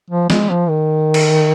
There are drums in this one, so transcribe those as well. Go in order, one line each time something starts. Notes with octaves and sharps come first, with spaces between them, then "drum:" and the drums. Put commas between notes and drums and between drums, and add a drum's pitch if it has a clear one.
F3
G#3, drum: snare
F3
D#3
drum: cymbal